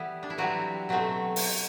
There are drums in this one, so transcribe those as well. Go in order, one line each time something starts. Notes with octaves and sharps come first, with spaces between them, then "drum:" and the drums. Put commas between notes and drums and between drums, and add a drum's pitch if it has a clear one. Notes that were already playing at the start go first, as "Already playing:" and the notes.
Already playing: E3 G3 B3 E4
D4
E4
E3 F#3 G3 C4 F#4
B2 F#3 A3 C4
drum: open hi-hat